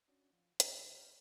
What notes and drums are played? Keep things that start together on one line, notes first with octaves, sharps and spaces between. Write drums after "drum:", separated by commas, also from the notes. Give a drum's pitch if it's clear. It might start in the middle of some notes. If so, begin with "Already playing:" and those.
C#4 D4 F#4
F3
D#3, drum: hi-hat
D#4 E5 F#5
G5 C#6 F6